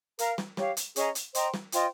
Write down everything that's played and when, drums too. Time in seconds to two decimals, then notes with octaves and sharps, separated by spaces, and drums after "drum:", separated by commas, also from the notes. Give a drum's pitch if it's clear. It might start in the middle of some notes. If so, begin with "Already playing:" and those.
0.19 A#4 F5 A#5, drum: hi-hat
0.38 drum: snare
0.57 G4 C#5 F5, drum: snare
0.77 drum: hi-hat
0.96 C#4 G#4 D#5 A#5, drum: hi-hat
1.15 drum: hi-hat
1.35 C5 D#5 G5 A#5, drum: hi-hat
1.54 drum: snare
1.72 F4 C5 D#5 G5, drum: hi-hat